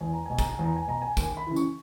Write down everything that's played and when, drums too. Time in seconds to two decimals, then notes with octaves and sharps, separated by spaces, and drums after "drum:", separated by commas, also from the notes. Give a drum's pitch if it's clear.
0.01 E2 G#5
0.13 A#5
0.26 B2 G#5
0.39 A#5, drum: kick, tambourine
0.51 G#5
0.59 E2
0.64 A#5
0.76 G#5
0.88 B2 A#5
1.02 G#5
1.17 D#2 G#5, drum: kick, tambourine
1.37 B5
1.47 C#3 E3
1.56 C#6, drum: tambourine